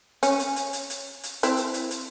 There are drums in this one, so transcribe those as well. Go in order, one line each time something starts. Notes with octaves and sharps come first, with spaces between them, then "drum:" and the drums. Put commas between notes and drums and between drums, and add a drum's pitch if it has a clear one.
C#4, drum: hi-hat
drum: hi-hat
drum: hi-hat
drum: hi-hat
drum: hi-hat
drum: hi-hat
C4 E4, drum: hi-hat
drum: hi-hat
drum: hi-hat
drum: hi-hat